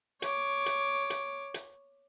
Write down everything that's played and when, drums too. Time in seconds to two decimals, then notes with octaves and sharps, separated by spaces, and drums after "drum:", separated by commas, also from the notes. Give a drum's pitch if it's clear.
0.22 C#5 D6, drum: hi-hat
0.66 drum: hi-hat
1.10 drum: hi-hat
1.54 drum: hi-hat